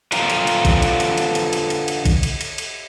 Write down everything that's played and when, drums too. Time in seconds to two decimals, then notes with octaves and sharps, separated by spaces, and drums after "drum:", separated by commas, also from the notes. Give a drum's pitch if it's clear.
0.12 D3 F4 C5 F5 G5 A#5, drum: cymbal
0.30 drum: cymbal
0.47 drum: cymbal
0.65 drum: kick, cymbal
0.82 drum: cymbal
1.00 drum: cymbal
1.18 drum: cymbal
1.35 drum: cymbal
1.53 drum: cymbal
1.70 drum: cymbal
1.88 drum: cymbal
2.05 drum: kick, cymbal
2.23 drum: cymbal
2.41 drum: cymbal
2.58 drum: cymbal